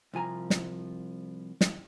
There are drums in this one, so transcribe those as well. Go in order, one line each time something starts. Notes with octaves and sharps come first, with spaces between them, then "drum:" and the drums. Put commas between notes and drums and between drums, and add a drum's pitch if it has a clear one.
C2 F3 G#5 A#5
drum: snare
drum: snare